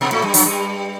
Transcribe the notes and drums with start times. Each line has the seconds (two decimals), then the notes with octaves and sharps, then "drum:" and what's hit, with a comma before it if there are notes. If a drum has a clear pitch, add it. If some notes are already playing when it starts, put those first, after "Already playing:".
0.01 B2 B3
0.12 A2 A3
0.23 G2 G3
0.34 F#2 F#3, drum: open hi-hat
0.45 G2 G3